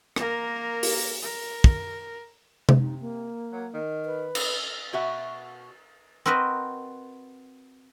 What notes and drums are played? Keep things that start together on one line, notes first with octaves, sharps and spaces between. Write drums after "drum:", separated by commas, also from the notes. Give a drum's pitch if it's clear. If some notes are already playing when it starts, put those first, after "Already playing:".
A#3 A#4, drum: rim click
drum: open hi-hat
A#4
drum: kick
drum: tom C3
C3 D#4
A#3
F#3
D#3
B4
drum: cymbal
B2 F#4 E5 F#5
C4 F#4 A#4 B4 D#5